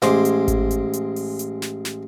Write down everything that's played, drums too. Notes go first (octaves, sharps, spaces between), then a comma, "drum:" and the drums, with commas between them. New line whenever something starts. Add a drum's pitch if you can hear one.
A1 G#3 C5 D6, drum: snare
drum: hi-hat
drum: kick G#1, hi-hat
drum: hi-hat
drum: hi-hat
drum: open hi-hat
drum: hi-hat
drum: snare
drum: snare